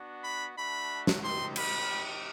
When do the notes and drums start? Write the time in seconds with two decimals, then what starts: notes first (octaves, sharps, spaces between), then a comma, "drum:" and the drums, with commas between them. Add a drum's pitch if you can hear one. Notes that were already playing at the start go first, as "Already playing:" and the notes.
Already playing: B3 D4 F#4
0.22 B5
0.56 A3 D4 F#4 B5
1.07 drum: snare
1.22 C4 D#4 G4 C6
1.56 B5, drum: cymbal
1.89 C4 D#4 G4